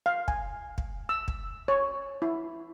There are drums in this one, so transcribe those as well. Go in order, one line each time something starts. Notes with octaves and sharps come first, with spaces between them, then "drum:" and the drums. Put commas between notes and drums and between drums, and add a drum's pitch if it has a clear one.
F5
G#5, drum: kick
drum: kick
E6
drum: kick
C#5
E4